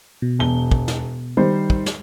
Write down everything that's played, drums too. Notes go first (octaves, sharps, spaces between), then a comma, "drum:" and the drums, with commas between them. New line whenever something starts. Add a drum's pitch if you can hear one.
B2
E1 G7
drum: kick
drum: snare
D#3 G3 C5
drum: kick
drum: snare